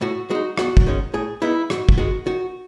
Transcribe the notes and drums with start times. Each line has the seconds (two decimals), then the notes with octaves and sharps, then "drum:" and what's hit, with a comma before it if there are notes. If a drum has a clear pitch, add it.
0.01 A2 F#4
0.30 G#3 D#4 F#4
0.58 E2 F#4, drum: rim click
0.77 drum: kick
0.86 D#3 G#3 C#4
1.14 A2 G#4
1.42 G#3 B3 D#4 E4
1.70 G#2 F#4, drum: rim click
1.89 drum: kick
1.98 D#3 G#3 F#4
2.26 D#3 F#4